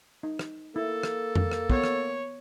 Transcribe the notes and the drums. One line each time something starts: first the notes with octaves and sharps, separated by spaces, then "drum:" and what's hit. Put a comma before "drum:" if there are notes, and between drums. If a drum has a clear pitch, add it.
D#4
drum: rim click
A#3 E4 A4
drum: rim click
drum: tom F2
drum: rim click
B3 C#5, drum: kick
drum: rim click